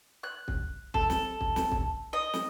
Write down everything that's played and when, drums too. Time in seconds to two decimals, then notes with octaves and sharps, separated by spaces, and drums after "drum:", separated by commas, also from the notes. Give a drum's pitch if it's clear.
0.23 F#6
0.48 drum: kick
0.94 A4, drum: kick
1.10 drum: snare
1.41 drum: kick
1.56 drum: snare
1.72 drum: kick
2.13 D#5
2.33 drum: snare